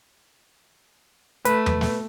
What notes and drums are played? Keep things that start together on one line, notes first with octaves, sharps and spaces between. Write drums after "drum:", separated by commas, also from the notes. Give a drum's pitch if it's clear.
A3 B4, drum: hi-hat
drum: tom E2
drum: snare